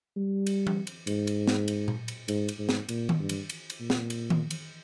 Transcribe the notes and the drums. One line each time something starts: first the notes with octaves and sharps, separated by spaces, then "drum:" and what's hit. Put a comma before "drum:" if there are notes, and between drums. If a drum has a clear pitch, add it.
G3
drum: cymbal
drum: tom E3
drum: cymbal
G#2, drum: cymbal
drum: cymbal
drum: snare
drum: cymbal
drum: tom A#2
drum: cymbal
G#2, drum: cymbal
drum: cymbal
G#2
drum: snare
A#2, drum: cymbal
drum: tom D#3
G2
drum: cymbal
drum: cymbal
drum: cymbal
A#2
drum: snare
drum: cymbal
drum: tom D#3
drum: cymbal